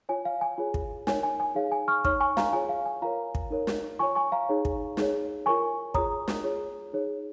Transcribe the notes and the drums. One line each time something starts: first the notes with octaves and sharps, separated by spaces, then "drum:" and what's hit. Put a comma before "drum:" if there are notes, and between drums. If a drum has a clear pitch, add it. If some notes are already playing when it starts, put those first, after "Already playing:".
F4 C#5 G#5
F5
G#5
F4 G#4 C#5
drum: kick
D#4 A#4 C#5 G#5, drum: snare
G#5
G#5
D#4 G#4 C#5 F5
G#5
C#6 F6
D#4 C#5 C#6 F6, drum: kick
G#5 C#6
F5 A#5, drum: snare
F4 G#4 C#5 G#5
F5
G#5
F4 A#4 C#5 F5 A#5
drum: kick
D#4 A#4 C#5
drum: snare
F4 C#5 G#5 C#6
G#5 C#6
F5 A#5
D#4 G#4 C#5
drum: kick
D#4 G#4 C#5, drum: snare
F4 A#4 C#5 G#5 C#6
F4 G#4 C#5 A#5 D#6, drum: kick
drum: snare
F4 G#4 C#5
D#4 G#4 C#5